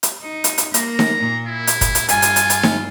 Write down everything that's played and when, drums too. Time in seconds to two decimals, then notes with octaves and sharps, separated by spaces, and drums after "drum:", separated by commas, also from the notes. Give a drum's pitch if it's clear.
0.03 drum: hi-hat
0.23 D#4
0.44 drum: hi-hat
0.58 drum: hi-hat
0.74 A#3 A#5, drum: hi-hat
0.99 drum: snare D#4
1.19 A#2 A#3
1.47 E4
1.67 drum: hi-hat
1.81 drum: kick, hi-hat
1.95 drum: hi-hat
2.09 G2 F4 G#5, drum: hi-hat
2.22 drum: hi-hat
2.36 drum: hi-hat
2.50 drum: hi-hat
2.63 drum: snare D#4